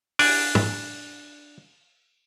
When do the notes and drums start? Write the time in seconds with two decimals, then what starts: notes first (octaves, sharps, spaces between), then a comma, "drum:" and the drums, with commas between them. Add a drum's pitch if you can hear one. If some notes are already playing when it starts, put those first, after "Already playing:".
0.19 D4 D5 G#5, drum: open hi-hat
0.55 drum: tom G#2